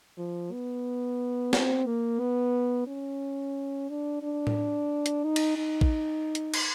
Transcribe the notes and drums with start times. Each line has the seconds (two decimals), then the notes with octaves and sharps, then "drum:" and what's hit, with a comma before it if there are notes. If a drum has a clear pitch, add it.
0.18 F3
0.52 B3
1.53 C4, drum: snare
1.86 A#3
2.20 B3
2.87 C#4
3.89 D4
4.23 D4
4.47 drum: tom A2
5.06 drum: hi-hat
5.24 D#4
5.36 drum: cymbal
5.57 D#4
5.81 drum: kick A1
6.35 drum: hi-hat
6.54 drum: cymbal